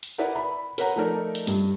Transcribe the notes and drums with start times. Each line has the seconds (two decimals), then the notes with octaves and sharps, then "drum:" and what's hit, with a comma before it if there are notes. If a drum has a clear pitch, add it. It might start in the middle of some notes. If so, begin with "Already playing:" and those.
0.03 drum: hi-hat
0.18 E4 A#4 B4 D5 E5 F#5
0.36 B5
0.78 A#4 B4 C#5 F#5 A#5, drum: hi-hat
0.96 F3 A3 D#4 A4 A#4 D5
1.35 drum: hi-hat
1.47 G2, drum: hi-hat